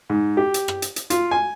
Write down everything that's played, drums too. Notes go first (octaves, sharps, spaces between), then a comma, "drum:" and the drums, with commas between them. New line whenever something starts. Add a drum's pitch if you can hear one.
G#2
G4
drum: hi-hat
drum: rim click
drum: hi-hat
drum: hi-hat
F4, drum: hi-hat
G#5